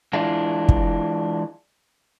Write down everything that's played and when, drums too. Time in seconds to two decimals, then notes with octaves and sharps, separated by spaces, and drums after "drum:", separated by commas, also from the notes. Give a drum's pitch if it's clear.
0.13 E3 G#3 D4 E4 F4
0.69 drum: kick